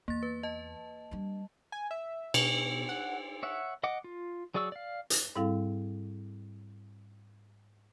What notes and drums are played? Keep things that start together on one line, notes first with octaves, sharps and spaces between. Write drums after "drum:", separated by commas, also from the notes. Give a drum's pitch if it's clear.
E2 A#3 A6
B4
D#5 A5
G3 D4
G#5
E5
B2, drum: cymbal
F#5
C#5 E5 F#5
D#5 F#5 D6
F4
F#3 G#4 D5 C#6 E6
D5 F5
drum: hi-hat
G#2 G3 C4 E4 A4 F5